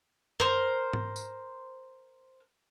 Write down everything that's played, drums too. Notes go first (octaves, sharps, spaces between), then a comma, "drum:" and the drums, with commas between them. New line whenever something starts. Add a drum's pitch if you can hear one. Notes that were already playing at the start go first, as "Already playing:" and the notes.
A#4 C5, drum: tom F#2
drum: tom G#2
drum: tambourine